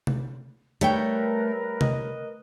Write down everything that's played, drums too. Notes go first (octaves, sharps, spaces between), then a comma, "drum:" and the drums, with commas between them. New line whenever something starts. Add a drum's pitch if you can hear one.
drum: tom C3
G3 A3 A#4 B4 C#5 G5, drum: hi-hat
D#5, drum: tom C3